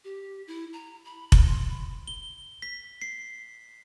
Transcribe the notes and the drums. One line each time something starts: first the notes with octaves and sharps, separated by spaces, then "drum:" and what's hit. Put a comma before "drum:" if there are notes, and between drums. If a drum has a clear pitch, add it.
G4
E4
A#5
B5
drum: kick F1
C6
B5
G7
B6
C7